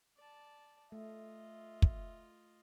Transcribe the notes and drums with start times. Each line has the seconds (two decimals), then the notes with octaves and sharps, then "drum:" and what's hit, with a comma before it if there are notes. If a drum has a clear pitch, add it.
0.17 D5 A5
0.92 A3 F4 D#5 E5
1.82 drum: kick